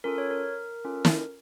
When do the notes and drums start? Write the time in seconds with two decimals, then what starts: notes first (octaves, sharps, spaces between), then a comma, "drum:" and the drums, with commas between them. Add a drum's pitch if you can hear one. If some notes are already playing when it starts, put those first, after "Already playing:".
0.04 C#4 F4 A4 A#4
0.18 C#5
0.31 A#4
0.85 C#4 F4 A4
1.05 drum: snare